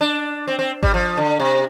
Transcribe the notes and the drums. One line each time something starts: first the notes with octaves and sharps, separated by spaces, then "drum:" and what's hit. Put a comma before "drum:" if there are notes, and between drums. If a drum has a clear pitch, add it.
D4
C4
C4
G3, drum: kick G#1
F3
D3
C3